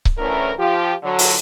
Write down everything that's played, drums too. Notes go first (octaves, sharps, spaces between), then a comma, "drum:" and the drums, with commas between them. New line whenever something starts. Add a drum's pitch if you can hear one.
drum: kick C#1
D2 A2 E3 C#4 A#4
F3 F4 G4
D3 F#3
drum: open hi-hat